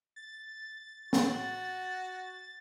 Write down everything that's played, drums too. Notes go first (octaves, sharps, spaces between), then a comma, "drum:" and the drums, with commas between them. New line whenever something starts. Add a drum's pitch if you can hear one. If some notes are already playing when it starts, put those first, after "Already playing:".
A6
F#4, drum: snare